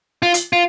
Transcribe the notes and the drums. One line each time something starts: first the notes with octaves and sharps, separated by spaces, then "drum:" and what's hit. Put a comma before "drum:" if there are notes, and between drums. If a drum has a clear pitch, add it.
F4
drum: hi-hat
F4